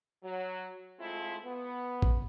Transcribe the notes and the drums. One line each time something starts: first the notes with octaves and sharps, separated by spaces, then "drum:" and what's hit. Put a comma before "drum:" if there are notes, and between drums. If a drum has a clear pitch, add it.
F#3
G#3 A3 C4 E4 F4
B3
drum: kick A1